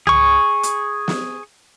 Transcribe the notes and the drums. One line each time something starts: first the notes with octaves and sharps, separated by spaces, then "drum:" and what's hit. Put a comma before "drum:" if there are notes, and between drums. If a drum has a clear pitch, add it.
G#4 C#6, drum: tom C2
drum: hi-hat
drum: snare